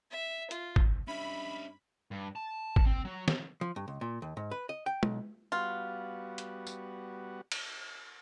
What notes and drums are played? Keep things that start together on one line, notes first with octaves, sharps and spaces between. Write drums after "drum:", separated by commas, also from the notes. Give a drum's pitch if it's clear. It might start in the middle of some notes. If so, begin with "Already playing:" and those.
E5
F4, drum: hi-hat
drum: kick
G2 C#4 D#4 E5 B5
G2
A5
drum: kick
C4
F#3
drum: snare
F3
G2
C#2
A#2
D#2
G#2
B4
D#5
G5
B1, drum: tom
G3 B3 F4 F#4
drum: hi-hat
drum: tambourine
drum: cymbal